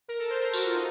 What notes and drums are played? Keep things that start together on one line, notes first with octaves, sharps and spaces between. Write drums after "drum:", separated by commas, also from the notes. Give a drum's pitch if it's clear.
A#4
A4
C5
A#4
F#4, drum: tambourine
F4
D#4